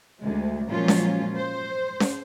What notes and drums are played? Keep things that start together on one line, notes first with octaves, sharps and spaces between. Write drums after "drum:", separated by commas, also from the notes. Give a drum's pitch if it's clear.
D2 G#3
A#2 F3 F#3 G#3 C#4 F4
drum: snare C#4
C5
drum: snare C#4